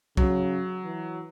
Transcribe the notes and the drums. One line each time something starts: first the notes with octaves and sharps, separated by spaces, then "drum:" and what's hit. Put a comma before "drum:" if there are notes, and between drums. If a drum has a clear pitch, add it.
C#3 F#3, drum: kick
E3